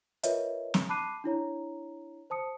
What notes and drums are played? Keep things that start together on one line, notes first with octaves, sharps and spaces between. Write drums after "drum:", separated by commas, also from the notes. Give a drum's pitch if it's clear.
F4 A#4 B4 C#5 D#5 E5, drum: hi-hat
drum: snare
A5 B5 D6 F#6 C7 D#7
D4 E4 C#5 A#5
C5 A5 D#6 C#7